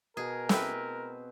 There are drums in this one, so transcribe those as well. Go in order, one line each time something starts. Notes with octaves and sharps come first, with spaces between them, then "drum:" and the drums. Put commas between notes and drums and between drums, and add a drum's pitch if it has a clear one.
B2 G#4 A#4
A3 C4 E4 G4 B4, drum: snare